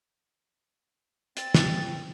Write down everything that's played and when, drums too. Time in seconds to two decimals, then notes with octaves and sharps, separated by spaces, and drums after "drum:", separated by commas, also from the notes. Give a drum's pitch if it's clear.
1.37 C4 A6, drum: hi-hat
1.54 drum: snare